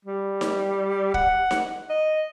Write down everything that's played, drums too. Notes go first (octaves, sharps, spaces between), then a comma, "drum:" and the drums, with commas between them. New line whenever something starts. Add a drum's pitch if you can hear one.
G3
drum: snare D#4
F#5, drum: kick
drum: snare D#4
D#5